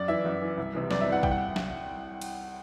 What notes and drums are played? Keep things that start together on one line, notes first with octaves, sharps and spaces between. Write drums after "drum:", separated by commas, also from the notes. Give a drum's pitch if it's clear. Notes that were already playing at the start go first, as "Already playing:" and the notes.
Already playing: F#2 D5
E3 E5
F#2
E3
C2
C3 E3
C2 D5, drum: snare
E5
C3
E3 F#5
C2 G5, drum: kick
F#5
drum: snare
drum: cymbal